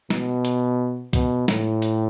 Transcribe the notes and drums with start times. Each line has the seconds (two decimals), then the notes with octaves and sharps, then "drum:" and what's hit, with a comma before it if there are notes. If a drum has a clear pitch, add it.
0.10 B2, drum: snare
0.45 drum: hi-hat
1.13 B2, drum: kick, hi-hat
1.48 A2, drum: snare
1.82 drum: hi-hat